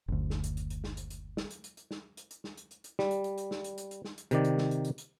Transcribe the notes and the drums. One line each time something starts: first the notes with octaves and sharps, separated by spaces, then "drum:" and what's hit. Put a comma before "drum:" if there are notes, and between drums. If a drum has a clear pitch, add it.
F#1 D2
drum: snare
drum: hi-hat
drum: hi-hat
drum: hi-hat
drum: snare
drum: hi-hat
drum: hi-hat
drum: snare
drum: hi-hat
drum: hi-hat
drum: hi-hat
drum: snare
drum: hi-hat
drum: hi-hat
drum: snare
drum: hi-hat
drum: hi-hat
drum: hi-hat
G3, drum: snare
drum: hi-hat
drum: hi-hat
drum: hi-hat
drum: snare
drum: hi-hat
drum: hi-hat
drum: hi-hat
drum: snare
drum: hi-hat
C3 D#3 D5, drum: hi-hat
drum: hi-hat
drum: snare
drum: hi-hat
drum: hi-hat
drum: hi-hat